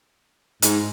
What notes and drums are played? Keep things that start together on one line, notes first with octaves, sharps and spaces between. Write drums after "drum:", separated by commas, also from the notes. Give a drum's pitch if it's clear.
G#2, drum: hi-hat